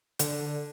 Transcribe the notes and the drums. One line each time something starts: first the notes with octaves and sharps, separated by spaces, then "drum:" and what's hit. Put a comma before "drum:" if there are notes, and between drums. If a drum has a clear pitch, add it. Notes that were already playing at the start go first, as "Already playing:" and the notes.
D3, drum: hi-hat